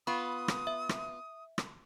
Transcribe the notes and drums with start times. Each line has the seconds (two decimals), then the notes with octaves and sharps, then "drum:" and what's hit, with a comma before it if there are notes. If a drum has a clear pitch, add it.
0.07 B3 F4 B5 C#6 D#6
0.48 drum: rim click
0.67 E5
0.89 drum: rim click
1.58 drum: rim click